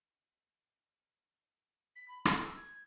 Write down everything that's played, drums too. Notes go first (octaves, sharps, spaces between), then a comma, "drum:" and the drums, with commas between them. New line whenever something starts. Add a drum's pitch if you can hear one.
B6
B5
F6, drum: rim click
E6
G#6